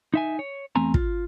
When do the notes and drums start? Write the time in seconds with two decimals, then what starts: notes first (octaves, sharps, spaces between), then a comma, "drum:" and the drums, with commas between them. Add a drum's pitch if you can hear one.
0.14 D#4 E5 G#5
0.39 C#5
0.76 E2 A3 C4 G#5 A#5
0.94 F4, drum: kick